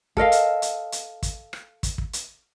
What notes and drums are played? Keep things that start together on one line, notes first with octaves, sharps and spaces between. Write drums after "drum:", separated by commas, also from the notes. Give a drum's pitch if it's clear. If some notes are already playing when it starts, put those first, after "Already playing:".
A4 A#4 D#5 F5, drum: kick
drum: hi-hat
drum: hi-hat
drum: hi-hat
drum: kick, hi-hat
drum: rim click
drum: kick, hi-hat
drum: kick
drum: hi-hat